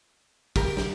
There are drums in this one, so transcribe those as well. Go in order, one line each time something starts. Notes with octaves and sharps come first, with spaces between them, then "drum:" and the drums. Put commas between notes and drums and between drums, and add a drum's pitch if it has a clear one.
G4 A#4, drum: kick, open hi-hat
drum: snare